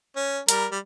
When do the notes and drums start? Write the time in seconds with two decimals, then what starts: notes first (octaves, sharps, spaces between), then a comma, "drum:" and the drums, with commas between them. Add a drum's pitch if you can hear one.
0.16 C#4
0.49 G3 A#4, drum: hi-hat
0.71 G3